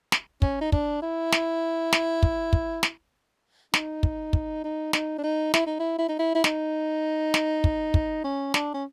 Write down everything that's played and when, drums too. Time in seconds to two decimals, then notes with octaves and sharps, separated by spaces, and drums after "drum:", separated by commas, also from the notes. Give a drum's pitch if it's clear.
0.12 drum: snare
0.42 C#4, drum: kick
0.61 D#4
0.72 D4, drum: kick
1.02 E4
1.32 drum: snare
1.93 drum: snare
2.23 drum: kick
2.53 drum: kick
2.83 drum: snare
3.74 D#4, drum: snare
4.03 drum: kick
4.33 drum: kick
4.64 D#4
4.93 D#4, drum: snare
5.18 D4
5.23 D#4
5.54 E4, drum: snare
5.66 D#4
5.80 E4
5.98 E4
6.09 D#4
6.19 E4
6.35 E4
6.44 D#4, drum: snare
7.34 drum: snare
7.64 drum: kick
7.94 drum: kick
8.24 C#4
8.54 D4, drum: snare
8.74 C#4